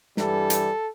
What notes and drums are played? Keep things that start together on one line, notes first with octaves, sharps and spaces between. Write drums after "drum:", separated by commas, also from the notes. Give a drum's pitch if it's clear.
G2 E3 G3 A4, drum: snare
drum: hi-hat